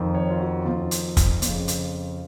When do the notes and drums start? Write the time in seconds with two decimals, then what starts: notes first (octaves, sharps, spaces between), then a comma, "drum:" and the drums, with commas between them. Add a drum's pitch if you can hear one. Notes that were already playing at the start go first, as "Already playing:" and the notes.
Already playing: F2 D#3
0.15 C#5
0.30 F4
0.40 F#4
0.65 F2 D#3 F4
0.91 drum: hi-hat
1.17 drum: kick, hi-hat
1.42 F2 C#3, drum: hi-hat
1.68 drum: hi-hat